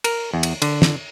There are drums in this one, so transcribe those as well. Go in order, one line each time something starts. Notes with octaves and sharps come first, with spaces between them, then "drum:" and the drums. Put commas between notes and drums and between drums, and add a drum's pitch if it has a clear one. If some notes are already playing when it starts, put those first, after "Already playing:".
A#4, drum: cymbal
E2
drum: cymbal
D3, drum: cymbal
drum: snare